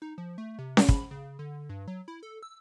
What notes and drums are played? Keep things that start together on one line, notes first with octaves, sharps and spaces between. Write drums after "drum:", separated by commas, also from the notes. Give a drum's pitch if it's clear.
D#4
F3
A3
C3
drum: snare C#4
B5, drum: kick
C#3
D3
G2
F#3
E4
A4
E6